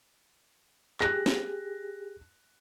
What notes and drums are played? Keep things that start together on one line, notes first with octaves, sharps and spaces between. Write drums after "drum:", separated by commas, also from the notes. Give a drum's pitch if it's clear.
G4 G#4 F#6 A#6, drum: clap
drum: snare